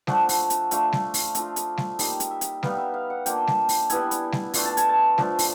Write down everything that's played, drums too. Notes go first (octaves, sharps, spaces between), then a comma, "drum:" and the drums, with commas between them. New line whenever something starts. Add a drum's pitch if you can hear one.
F3 A3 D4 F#5, drum: snare G3
drum: open hi-hat
drum: hi-hat
A3 D4 F4 F5, drum: hi-hat
drum: snare G3
drum: open hi-hat
A3 D4 F4 D#5, drum: hi-hat
drum: hi-hat
drum: snare G3
G3 A#3 D#4, drum: open hi-hat
drum: hi-hat
E5
drum: hi-hat
G3 B3 D#4 F5, drum: snare G3
E5
F5
F#5
A#3 D4 F4 G5, drum: hi-hat
drum: snare G3
drum: open hi-hat
G3 B3 E4 G#5, drum: hi-hat
drum: hi-hat
drum: snare G3
A3 D4 F4, drum: open hi-hat
A5
G#5, drum: hi-hat
A5
F3 A3 D4 F4, drum: snare G3
drum: open hi-hat